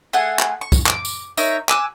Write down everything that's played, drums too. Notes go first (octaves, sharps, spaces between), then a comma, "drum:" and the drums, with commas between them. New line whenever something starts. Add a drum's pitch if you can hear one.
A3 G#4 F#5 G#5
drum: clap
C#6
drum: kick, tambourine
D6, drum: clap
drum: tambourine
D#4 A#4 C#5 E5, drum: tambourine
G#5 D6 E6 F#6, drum: clap